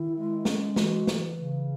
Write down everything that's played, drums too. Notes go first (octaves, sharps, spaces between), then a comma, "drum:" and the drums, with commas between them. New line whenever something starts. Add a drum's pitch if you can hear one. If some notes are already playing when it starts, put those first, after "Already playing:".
Already playing: D#3 E4
G#3
G#3 C#4, drum: snare
E3 F#4, drum: snare
E3, drum: snare
C#3